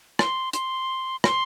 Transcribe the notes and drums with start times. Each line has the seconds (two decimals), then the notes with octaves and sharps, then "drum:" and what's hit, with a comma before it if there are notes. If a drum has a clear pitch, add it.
0.19 C6, drum: rim click
0.53 C6, drum: hi-hat
1.24 C6, drum: rim click